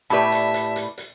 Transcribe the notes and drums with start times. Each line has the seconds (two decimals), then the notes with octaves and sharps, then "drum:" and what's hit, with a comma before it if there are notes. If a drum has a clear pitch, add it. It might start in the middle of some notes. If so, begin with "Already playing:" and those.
0.10 A2 G4 B4 D5 E5 A5 B5
0.32 drum: hi-hat
0.54 drum: hi-hat
0.76 drum: hi-hat
0.98 drum: hi-hat